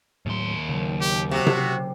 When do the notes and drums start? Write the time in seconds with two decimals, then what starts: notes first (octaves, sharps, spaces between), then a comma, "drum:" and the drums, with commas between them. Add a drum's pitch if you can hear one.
0.26 D#2 A2 F#3 C6
0.69 C#3 F#3
1.01 G4
1.31 C3 F#4
1.47 drum: tom C3